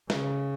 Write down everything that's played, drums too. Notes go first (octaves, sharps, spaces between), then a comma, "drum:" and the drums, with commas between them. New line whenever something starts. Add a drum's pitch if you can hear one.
C#3, drum: snare